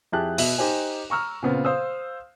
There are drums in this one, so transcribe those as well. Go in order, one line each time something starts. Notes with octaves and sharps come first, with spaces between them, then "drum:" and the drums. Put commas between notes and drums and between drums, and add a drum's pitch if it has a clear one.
F2 E4 G4 G#4 A5 F#6
B2 E5 F#7, drum: open hi-hat
D#4 G4 C5 G#5
A#5 C#6 E6 F6
A#2 C#3 B3 C4 F4
C5 F5 D#6 E6